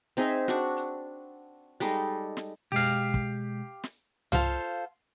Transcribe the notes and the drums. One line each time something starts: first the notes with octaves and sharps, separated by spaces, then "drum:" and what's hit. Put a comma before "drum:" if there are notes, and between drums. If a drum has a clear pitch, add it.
C4 D#4 G#4 E5
D4 F#4, drum: snare
drum: hi-hat
G3 G#3 D#4 A4
drum: snare
B2 G#3 G4 F5
drum: kick
drum: snare
F4 A4 C5 F5, drum: tom C2